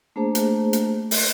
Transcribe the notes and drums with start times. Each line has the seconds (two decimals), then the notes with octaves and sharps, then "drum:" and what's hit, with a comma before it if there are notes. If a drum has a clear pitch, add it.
0.16 A3 A#3 D4 G#4 C5 A5
0.35 drum: hi-hat
0.73 drum: hi-hat
1.11 drum: open hi-hat